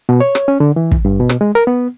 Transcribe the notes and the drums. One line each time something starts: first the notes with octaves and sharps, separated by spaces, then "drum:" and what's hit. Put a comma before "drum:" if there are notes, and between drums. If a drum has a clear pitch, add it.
B2
C#5
drum: rim click
C#4
D3
E3
drum: kick
G2
B2
drum: rim click
G#3
A#4
B3